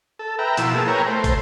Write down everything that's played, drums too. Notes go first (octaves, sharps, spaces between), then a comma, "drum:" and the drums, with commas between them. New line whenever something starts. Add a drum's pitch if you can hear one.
A4
B4 E5 G5 A#5
B2 F3 E4 E6, drum: hi-hat
A#3 G#4 A5
A#4 B4 C#5 G5 G#5 A#5
A3 C5
drum: kick, hi-hat